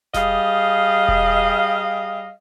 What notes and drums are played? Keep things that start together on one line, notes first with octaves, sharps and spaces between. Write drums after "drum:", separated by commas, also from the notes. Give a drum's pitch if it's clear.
G3 G#4 D#5 F5, drum: snare F1
drum: kick E1